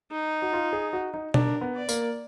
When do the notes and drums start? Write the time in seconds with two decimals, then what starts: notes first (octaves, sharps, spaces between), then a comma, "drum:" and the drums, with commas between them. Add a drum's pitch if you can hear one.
0.12 D#4
0.42 F#4
0.53 F4
0.73 G#4
0.93 F#4
1.14 D#4
1.34 D4 A#4, drum: tom B2
1.61 B3
1.75 D5
1.89 A#3, drum: tambourine